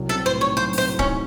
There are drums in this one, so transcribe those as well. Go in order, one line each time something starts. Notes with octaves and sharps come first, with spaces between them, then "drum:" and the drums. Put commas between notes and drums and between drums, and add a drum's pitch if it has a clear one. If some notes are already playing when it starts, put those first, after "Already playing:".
Already playing: C2 F#3
C4 A4
A2 C5
D#4 C#5
F#3 C5
C4 C5, drum: open hi-hat
A2
C#4, drum: kick
D#4